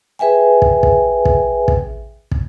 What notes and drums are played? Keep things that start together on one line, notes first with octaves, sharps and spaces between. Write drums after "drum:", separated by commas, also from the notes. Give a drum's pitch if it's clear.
G#4 B4 E5 G5 G#5
drum: kick
drum: kick
drum: kick
drum: kick
drum: kick